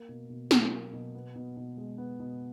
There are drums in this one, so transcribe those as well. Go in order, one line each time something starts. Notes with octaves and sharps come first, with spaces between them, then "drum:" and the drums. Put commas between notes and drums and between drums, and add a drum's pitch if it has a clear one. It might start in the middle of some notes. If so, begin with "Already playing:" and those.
Already playing: A#3
B2
B2
F#3, drum: snare
A#3
B2
B3
B2
B2
G#3
B3
B2